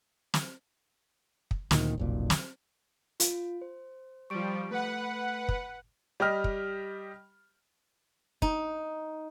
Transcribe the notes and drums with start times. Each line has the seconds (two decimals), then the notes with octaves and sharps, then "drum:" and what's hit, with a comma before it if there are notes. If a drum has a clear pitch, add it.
0.34 drum: snare
1.51 drum: kick
1.71 D2 A#2 D#3, drum: snare
1.98 F1 B1 A#2
2.30 drum: snare
3.20 F4, drum: hi-hat
3.62 C5
4.30 F3 G3 C#6 D7
4.71 A3 B4 F#5
5.49 drum: kick
6.20 G3 G4 D#5 F6
6.44 drum: kick
8.42 D#4, drum: kick